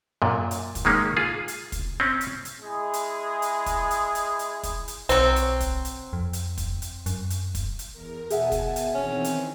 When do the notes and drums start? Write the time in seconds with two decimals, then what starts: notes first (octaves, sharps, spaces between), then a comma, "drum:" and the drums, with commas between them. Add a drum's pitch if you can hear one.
0.22 F#2 A#2
0.51 drum: hi-hat
0.75 drum: kick, hi-hat
0.85 D#3 G#3 A#3 C#4
1.17 F4 G#4
1.48 drum: hi-hat
1.72 drum: kick, hi-hat
2.00 C4 C#4
2.21 drum: hi-hat
2.45 drum: hi-hat
2.62 G#3 E4 G#4
2.94 drum: hi-hat
3.42 drum: hi-hat
3.66 drum: kick, hi-hat
3.91 drum: hi-hat
4.15 drum: hi-hat
4.39 drum: hi-hat
4.63 drum: kick, hi-hat
4.88 drum: hi-hat
5.09 B1 F#3 C4, drum: hi-hat
5.36 drum: hi-hat
5.60 drum: kick, hi-hat
5.85 drum: hi-hat
6.13 F2
6.33 drum: hi-hat
6.58 drum: kick, hi-hat
6.82 drum: hi-hat
7.06 F#2, drum: hi-hat
7.30 drum: hi-hat
7.55 drum: kick, hi-hat
7.79 drum: hi-hat
7.93 E2 A#4
8.30 B2 G#4 E5 F#5 G#5 A5, drum: hi-hat
8.52 drum: kick, hi-hat
8.76 drum: hi-hat
8.95 D#3 E3 C4 C#4
9.24 drum: hi-hat